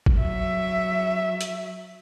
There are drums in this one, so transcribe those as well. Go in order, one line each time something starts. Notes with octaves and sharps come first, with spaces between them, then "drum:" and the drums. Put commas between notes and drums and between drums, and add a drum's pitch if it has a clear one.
drum: kick
F#3 E5
drum: hi-hat